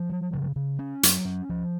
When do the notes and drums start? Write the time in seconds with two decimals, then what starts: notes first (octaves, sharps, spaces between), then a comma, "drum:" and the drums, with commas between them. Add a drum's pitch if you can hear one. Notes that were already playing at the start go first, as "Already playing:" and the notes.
Already playing: F3
0.10 F#3
0.33 C#3
0.56 C#3
0.79 C#4
1.03 F#3, drum: hi-hat
1.25 C#4
1.50 F3